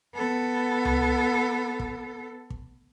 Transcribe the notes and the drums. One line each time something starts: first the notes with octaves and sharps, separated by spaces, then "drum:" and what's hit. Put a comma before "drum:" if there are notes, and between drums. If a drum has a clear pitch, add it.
B3 A4
drum: tom C#2
drum: kick
drum: kick